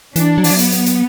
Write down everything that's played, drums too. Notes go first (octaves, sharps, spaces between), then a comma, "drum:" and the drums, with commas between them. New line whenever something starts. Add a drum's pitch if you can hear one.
E3 D4, drum: hi-hat
F#3
E3, drum: open hi-hat
F#3
B3, drum: hi-hat
drum: hi-hat
drum: hi-hat